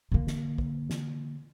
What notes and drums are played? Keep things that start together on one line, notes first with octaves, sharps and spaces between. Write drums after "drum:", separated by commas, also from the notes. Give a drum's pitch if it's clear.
D3 A#3
drum: snare
drum: kick
drum: snare